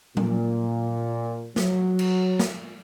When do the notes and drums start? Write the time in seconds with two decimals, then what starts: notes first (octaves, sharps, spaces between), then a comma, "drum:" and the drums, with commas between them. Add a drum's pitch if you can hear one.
0.17 A#2, drum: tom F#3
1.56 F#3, drum: snare
1.99 drum: cymbal
2.39 drum: snare